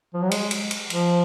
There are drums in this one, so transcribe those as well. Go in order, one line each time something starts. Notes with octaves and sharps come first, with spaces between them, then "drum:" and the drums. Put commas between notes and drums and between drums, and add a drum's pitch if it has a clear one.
F3
F#3
G#3, drum: cymbal
drum: cymbal
drum: cymbal
F3, drum: cymbal